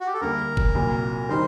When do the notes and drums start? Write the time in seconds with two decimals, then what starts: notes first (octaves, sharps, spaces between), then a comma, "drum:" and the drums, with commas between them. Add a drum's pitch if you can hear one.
0.01 F#4
0.07 G4
0.14 A4
0.21 D2 D3 G3 A#3 A#4
0.57 drum: kick F#1
0.75 C2 A#2 F#3
1.29 D#3 G3 C4 D#4 C5